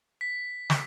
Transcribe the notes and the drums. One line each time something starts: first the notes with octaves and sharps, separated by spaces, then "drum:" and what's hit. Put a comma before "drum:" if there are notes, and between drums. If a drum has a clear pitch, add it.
B6
drum: snare